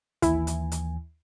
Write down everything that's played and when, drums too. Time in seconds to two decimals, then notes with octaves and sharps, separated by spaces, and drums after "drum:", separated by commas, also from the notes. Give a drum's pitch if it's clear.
0.22 D#2 E3 E4 G#5, drum: kick, hi-hat
0.47 drum: hi-hat
0.72 drum: hi-hat